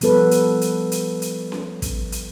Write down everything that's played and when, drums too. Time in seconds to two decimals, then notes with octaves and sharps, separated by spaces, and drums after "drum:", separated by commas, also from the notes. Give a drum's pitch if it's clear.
0.01 F3 G3 B3 A4 B4, drum: hi-hat
0.31 drum: hi-hat
0.61 drum: hi-hat
0.92 drum: hi-hat
1.22 drum: hi-hat
1.52 drum: snare C#4
1.82 drum: kick, hi-hat
2.12 drum: hi-hat